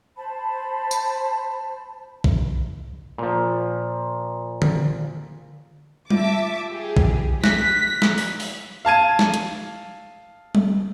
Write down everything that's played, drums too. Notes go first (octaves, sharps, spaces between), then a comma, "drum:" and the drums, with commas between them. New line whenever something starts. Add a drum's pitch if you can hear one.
C5 A5 B5
drum: tambourine
drum: kick
A#2 F3
drum: tom D3
F4 E5 A5 D6, drum: tom G3
G4 G#4
drum: kick
F#6 A#6 B6, drum: snare
drum: snare
drum: open hi-hat
drum: open hi-hat
F5 A5 G#6 D#7
drum: snare
drum: hi-hat
drum: tom G3